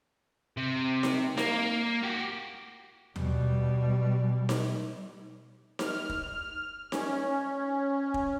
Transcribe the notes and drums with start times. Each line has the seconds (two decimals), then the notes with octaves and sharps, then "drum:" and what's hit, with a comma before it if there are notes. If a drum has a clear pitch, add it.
0.57 C3
1.03 drum: snare D#4
1.37 A#3, drum: snare D#4
2.03 F#4 G4
3.16 B2 G3, drum: tom D#2
4.49 drum: snare D#4
5.79 F6, drum: snare D#4
6.09 drum: kick
6.92 C#4, drum: snare D#4
8.14 drum: kick